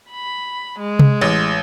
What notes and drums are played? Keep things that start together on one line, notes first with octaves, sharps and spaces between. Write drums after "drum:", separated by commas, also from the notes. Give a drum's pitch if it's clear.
B5
G#3
drum: tom C3
A1